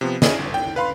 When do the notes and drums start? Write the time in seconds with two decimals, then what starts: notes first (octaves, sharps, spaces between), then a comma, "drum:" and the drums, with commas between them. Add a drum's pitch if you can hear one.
0.01 C3 F3 B3
0.22 C#4 E4 G#4 D5 D#5, drum: snare
0.39 G1
0.54 G5
0.76 B4 F5 B5 C6